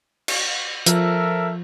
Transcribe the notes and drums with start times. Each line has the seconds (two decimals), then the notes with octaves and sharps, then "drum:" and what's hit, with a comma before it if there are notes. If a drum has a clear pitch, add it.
0.28 drum: cymbal
0.86 F3 A4 A#4 E5, drum: hi-hat